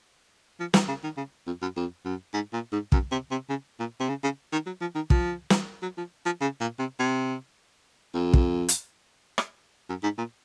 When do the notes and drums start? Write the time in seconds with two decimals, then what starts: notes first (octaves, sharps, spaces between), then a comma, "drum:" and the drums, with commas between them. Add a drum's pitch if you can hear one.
0.60 F3
0.74 D#3, drum: snare
0.88 C#3
1.04 D#3
1.17 C#3
1.47 F2
1.62 F#2
1.76 F2
2.05 F#2
2.34 G#2
2.53 A#2
2.72 G#2
2.92 F#2, drum: kick
3.11 C3
3.31 C3
3.49 C#3
3.80 A#2
4.00 C3
4.09 C#3
4.23 C#3
4.52 D#3
4.66 F#3
4.81 F3
4.95 D#3
5.10 F3, drum: kick
5.50 drum: snare
5.82 F#3
5.98 F3
6.26 F3
6.41 C#3
6.60 A#2
6.79 C3
6.99 C3
8.14 F2
8.33 drum: kick
8.68 drum: hi-hat
9.38 drum: rim click
9.89 F#2
10.03 G#2
10.18 A#2